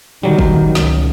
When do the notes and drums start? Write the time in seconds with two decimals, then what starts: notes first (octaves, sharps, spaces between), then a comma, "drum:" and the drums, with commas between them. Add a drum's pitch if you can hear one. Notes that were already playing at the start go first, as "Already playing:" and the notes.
0.23 D#3 F#3 G3
0.39 drum: kick
0.75 C#2, drum: snare